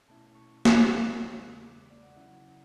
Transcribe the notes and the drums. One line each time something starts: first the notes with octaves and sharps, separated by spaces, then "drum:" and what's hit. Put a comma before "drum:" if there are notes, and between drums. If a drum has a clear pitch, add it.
B2 A3 C#4 E4 A5
C#6
drum: snare
E2 C#3 G#3
D6
D5
F#5
C#3 F#3 C#4 E4